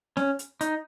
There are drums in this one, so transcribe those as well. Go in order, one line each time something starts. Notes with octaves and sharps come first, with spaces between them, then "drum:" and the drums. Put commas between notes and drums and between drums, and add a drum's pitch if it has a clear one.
C#4, drum: snare
drum: hi-hat
D#4, drum: hi-hat